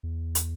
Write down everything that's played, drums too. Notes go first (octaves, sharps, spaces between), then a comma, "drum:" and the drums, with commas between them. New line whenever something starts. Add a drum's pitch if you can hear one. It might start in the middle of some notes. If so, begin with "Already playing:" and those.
E2
drum: hi-hat